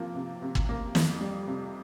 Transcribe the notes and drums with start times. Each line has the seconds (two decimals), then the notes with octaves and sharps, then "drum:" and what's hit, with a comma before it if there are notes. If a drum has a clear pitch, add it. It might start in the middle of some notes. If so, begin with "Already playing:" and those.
Already playing: C3 F3 A#3
0.15 C3
0.42 C3
0.55 drum: kick
0.69 A#3
0.95 F2, drum: snare
1.21 G3
1.47 C3